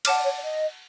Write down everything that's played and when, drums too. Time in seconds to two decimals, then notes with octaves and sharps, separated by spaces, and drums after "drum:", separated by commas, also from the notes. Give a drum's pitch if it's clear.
0.05 C#5 F#5 A5 D6 F6, drum: cymbal
0.14 D5
0.24 C#5
0.33 D5
0.43 D#5